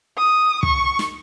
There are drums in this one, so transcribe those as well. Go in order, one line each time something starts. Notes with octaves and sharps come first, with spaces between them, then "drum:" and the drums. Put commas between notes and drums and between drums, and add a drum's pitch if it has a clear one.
D#6
C#6, drum: kick
drum: snare